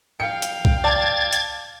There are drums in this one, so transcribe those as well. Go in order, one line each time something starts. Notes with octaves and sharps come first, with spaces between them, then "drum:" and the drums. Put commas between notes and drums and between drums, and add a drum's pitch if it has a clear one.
F5 G5 C#7
drum: hi-hat
drum: kick C2
D5 A5 G#6 A6
drum: hi-hat